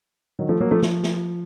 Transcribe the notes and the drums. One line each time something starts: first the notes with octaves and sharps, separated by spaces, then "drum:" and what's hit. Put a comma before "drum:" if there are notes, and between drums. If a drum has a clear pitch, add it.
D#3 F#3
F3 A3
F#3 A#3
F3 A3
F3, drum: snare
drum: snare